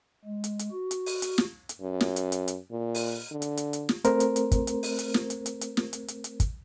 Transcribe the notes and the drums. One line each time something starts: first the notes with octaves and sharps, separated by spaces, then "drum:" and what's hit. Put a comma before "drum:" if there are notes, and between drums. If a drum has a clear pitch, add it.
G#3
drum: hi-hat
drum: hi-hat
F#4
drum: hi-hat
drum: open hi-hat
drum: hi-hat
drum: snare
drum: hi-hat
F#2
drum: snare
drum: hi-hat
drum: hi-hat
drum: hi-hat
A#2
drum: open hi-hat
D3
drum: hi-hat
drum: hi-hat
drum: hi-hat
drum: snare
A3 C4 A#4 C5, drum: hi-hat
drum: hi-hat
drum: hi-hat
drum: kick, hi-hat
drum: hi-hat
drum: open hi-hat
drum: hi-hat
drum: snare
drum: hi-hat
drum: hi-hat
drum: hi-hat
drum: snare
drum: hi-hat
drum: hi-hat
drum: hi-hat
drum: kick, hi-hat